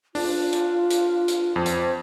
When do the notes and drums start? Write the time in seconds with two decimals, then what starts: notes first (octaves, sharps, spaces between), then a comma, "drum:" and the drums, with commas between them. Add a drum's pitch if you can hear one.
0.15 D4 F4, drum: open hi-hat
0.53 drum: hi-hat
0.90 drum: hi-hat
1.28 drum: hi-hat
1.56 F2 C5
1.66 drum: hi-hat